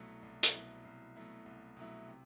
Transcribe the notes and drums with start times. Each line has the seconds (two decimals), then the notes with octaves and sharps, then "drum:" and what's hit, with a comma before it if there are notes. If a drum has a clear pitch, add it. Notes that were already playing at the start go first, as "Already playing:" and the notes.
Already playing: C2 B2 F#3 A3 E4
0.22 C2
0.43 drum: hi-hat
0.54 B2 F#3 A3 E4
0.85 C2
1.16 B2 F#3 A3 E4
1.46 C2
1.77 B2 F#3 A3 E4
2.08 C3